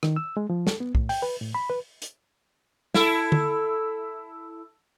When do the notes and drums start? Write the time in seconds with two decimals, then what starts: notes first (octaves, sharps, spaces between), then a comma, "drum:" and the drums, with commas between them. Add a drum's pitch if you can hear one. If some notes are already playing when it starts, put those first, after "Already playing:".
0.03 D#3, drum: rim click
0.16 E6
0.37 G#3
0.50 F3
0.67 A4, drum: snare
0.80 B3
0.95 A2, drum: kick B1
1.09 G5, drum: open hi-hat
1.22 B4
1.41 A2
1.55 B5
1.70 B4
2.02 drum: hi-hat
2.94 E4 A4, drum: snare
3.32 drum: tom D3